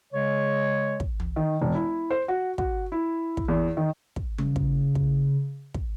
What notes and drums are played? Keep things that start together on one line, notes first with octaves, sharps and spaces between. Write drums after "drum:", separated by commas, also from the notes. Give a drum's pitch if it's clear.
C#3 G#3 C#5
drum: kick
drum: tom
D#3
E1
E4
C5
F#4
F#4, drum: kick
E4
drum: kick
E2
D#3
drum: kick
C#3, drum: tom
drum: kick
drum: kick
drum: kick